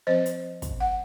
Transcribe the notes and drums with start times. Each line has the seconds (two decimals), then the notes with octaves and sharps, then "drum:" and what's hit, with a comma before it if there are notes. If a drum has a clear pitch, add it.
0.07 F3 C4 C5 D#5
0.26 drum: hi-hat
0.62 drum: kick, hi-hat
0.80 F#5